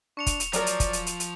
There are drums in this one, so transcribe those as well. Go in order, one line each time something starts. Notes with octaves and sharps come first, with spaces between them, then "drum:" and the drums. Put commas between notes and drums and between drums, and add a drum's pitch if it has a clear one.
D4 C#6 C#7 F7
drum: kick, hi-hat
drum: hi-hat
F3 F#3 A#4 D5, drum: hi-hat
drum: hi-hat
drum: kick, hi-hat
drum: hi-hat
drum: hi-hat
drum: hi-hat